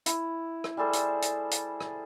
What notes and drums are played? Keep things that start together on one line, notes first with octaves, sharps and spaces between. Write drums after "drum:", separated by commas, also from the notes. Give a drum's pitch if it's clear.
E4, drum: hi-hat
drum: rim click
G3 G#4 A4 C5
drum: hi-hat
drum: hi-hat
drum: hi-hat
drum: rim click